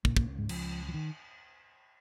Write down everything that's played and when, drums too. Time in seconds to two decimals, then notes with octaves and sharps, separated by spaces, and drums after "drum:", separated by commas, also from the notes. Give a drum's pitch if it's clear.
0.05 C#2 A#2 C#3 A#3, drum: kick
0.17 A#2 A#3, drum: kick
0.39 G#2 G#3
0.49 F3, drum: cymbal
0.89 F3
0.94 D#3